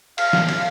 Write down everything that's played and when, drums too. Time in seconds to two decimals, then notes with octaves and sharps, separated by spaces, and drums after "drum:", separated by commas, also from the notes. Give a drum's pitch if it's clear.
0.18 F5, drum: cymbal
0.33 drum: snare
0.49 drum: cymbal